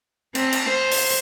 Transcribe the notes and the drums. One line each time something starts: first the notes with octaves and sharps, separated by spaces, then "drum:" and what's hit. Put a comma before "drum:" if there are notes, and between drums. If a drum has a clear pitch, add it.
C4, drum: cymbal
drum: cymbal
C5
drum: open hi-hat